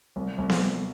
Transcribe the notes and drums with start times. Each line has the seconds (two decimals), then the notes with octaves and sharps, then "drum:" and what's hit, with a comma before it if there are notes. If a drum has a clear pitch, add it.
0.16 C2
0.38 C2
0.50 drum: snare B3
0.61 C2